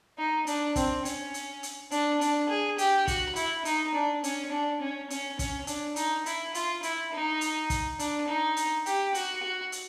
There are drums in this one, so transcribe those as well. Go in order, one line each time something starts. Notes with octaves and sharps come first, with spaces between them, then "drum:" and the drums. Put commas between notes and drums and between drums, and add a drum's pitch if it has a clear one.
D#4
D4, drum: hi-hat
C4, drum: kick, hi-hat
C#4, drum: hi-hat
drum: hi-hat
drum: hi-hat
D4, drum: hi-hat
D4, drum: hi-hat
G#4
G4, drum: hi-hat
F#4, drum: kick, hi-hat
E4, drum: hi-hat
D#4, drum: hi-hat
D4
C#4, drum: hi-hat
D4
C#4
C#4, drum: hi-hat
C#4, drum: kick, hi-hat
D4, drum: hi-hat
D#4, drum: hi-hat
E4, drum: hi-hat
F4, drum: hi-hat
E4, drum: hi-hat
D#4
drum: hi-hat
drum: kick, hi-hat
D4, drum: hi-hat
D#4
drum: hi-hat
G4, drum: hi-hat
F#4, drum: hi-hat
F#4
drum: hi-hat